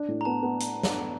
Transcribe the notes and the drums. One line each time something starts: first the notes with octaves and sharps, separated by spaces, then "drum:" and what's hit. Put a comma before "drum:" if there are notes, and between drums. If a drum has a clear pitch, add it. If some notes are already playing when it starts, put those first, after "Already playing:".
Already playing: D4
A2
A#5
B3 A5
B3
drum: hi-hat
drum: snare